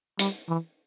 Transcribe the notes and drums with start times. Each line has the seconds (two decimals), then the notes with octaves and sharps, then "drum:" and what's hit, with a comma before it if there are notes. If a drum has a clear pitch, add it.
0.19 G3, drum: hi-hat
0.48 E3